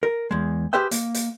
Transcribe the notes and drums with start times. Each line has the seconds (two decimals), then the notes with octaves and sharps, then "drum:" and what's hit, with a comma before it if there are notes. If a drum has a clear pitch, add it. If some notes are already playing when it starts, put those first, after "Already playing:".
0.03 A#4
0.31 E2 G#3
0.73 G4 G#4 B4 C5 E5 G5
0.91 A#3, drum: hi-hat
1.14 drum: hi-hat